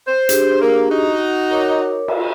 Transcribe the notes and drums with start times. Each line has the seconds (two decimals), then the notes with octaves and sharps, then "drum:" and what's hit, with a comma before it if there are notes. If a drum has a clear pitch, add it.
0.07 C5
0.29 D4 G4 G#4, drum: hi-hat
0.61 A#3
0.90 D#4 F#4
1.50 A#4 C#5 D6
2.08 drum: cymbal